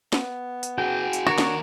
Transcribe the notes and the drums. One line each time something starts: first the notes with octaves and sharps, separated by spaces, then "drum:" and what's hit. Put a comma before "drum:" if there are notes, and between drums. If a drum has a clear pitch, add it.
B3, drum: snare
drum: hi-hat
F#4 G#4 G5
drum: hi-hat
D#2 D4 F#4 A#4 C#5 D5 C#6
drum: snare